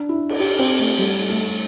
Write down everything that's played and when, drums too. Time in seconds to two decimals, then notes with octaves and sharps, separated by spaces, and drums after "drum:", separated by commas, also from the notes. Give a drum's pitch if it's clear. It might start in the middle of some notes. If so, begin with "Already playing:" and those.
Already playing: D4
0.09 E4
0.29 drum: cymbal
0.40 G4
0.59 C4
0.79 A3
0.98 G3
1.29 A3